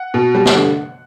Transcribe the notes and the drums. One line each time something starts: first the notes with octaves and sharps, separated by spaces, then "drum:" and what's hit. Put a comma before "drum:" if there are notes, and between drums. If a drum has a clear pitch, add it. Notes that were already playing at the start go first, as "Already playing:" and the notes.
Already playing: F#5
B2
G3
drum: snare
D3